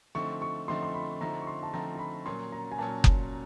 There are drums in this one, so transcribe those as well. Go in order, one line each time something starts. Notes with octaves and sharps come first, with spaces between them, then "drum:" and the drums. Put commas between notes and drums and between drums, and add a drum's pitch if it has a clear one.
D3 F3 A3 C4 D#4 C#6
C#6
D3 F3 A3 C4 D#4 C6
C6
B5
D3 F3 A3 C4 D#4 A#5
C#6
C6
A5
D3 F3 A3 C4 D#4 A#5
A#5
B5
A#2 F#3 A#3 C#4 C6
A#5
G#5
A#2 F#3 A#3 C#4 A5
drum: kick F#1